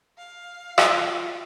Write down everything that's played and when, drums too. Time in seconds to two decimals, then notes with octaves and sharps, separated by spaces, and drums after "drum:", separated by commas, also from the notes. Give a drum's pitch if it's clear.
0.18 F5
0.78 F4, drum: rim click